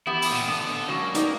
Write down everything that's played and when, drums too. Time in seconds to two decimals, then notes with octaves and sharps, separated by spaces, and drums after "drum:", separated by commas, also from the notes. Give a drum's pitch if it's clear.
0.07 E3 B3 E4 G4
0.22 drum: open hi-hat
0.31 A#2
0.48 B3 D4 A4
0.88 F#3 G#3 A#3 C#4
1.15 D#4 D5, drum: hi-hat